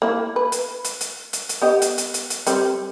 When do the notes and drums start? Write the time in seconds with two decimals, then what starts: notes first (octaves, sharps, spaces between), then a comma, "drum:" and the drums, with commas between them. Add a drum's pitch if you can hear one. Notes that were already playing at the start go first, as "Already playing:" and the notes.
0.02 A#3 E4
0.36 B4
0.52 drum: hi-hat
0.85 drum: hi-hat
1.01 drum: hi-hat
1.33 drum: hi-hat
1.49 drum: hi-hat
1.62 B3 G4 D#5
1.82 drum: hi-hat
1.98 drum: hi-hat
2.14 drum: hi-hat
2.30 drum: hi-hat
2.47 G3 C4 C5, drum: hi-hat